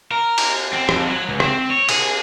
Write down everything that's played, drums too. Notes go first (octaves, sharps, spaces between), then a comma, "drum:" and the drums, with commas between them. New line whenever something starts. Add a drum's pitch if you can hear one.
A#4
drum: cymbal
C4
F2, drum: rim click
F#3
C#2
C4, drum: rim click
C#5
G#4, drum: cymbal